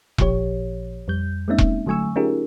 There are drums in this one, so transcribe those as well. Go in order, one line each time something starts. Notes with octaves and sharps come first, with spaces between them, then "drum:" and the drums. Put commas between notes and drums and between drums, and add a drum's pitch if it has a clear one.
A1 A#2 F3 G4 C#5, drum: kick E1
F2 G3 G6
G#3 A#3 C4 C#4 D#4 E5
drum: kick E1
D3 F#3 A3 G#5 C#6 E6
C#4 D#4 F4 G4 G#4 A#4